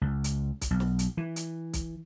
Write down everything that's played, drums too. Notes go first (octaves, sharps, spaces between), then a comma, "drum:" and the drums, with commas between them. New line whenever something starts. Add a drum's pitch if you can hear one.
C#2
drum: hi-hat
drum: kick, hi-hat
B1
drum: snare
drum: hi-hat
E3
drum: hi-hat
drum: kick, hi-hat